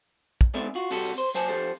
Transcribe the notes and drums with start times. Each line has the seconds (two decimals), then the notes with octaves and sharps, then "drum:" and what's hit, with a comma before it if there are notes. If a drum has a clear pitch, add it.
0.41 drum: kick
0.54 G#2 B3 C4 A4 D5 E5
0.75 F4 F#4
0.91 C3 G3 F#4 A4, drum: open hi-hat
1.18 C5
1.35 F#3 C5 G#5 A5, drum: tambourine
1.48 F3 G4 A4 C5